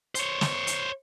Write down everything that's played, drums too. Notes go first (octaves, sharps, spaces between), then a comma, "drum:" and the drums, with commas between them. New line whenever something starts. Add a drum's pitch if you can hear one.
C5 C#5, drum: hi-hat
drum: snare
drum: hi-hat